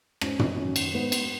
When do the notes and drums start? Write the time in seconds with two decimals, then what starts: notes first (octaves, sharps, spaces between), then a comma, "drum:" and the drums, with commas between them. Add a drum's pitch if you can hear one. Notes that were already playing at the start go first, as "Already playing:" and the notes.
0.21 G#2 C#4, drum: rim click
0.39 drum: tom
0.57 D#3 F#3 C#4
0.76 drum: cymbal
0.94 G#2 B3
1.12 drum: cymbal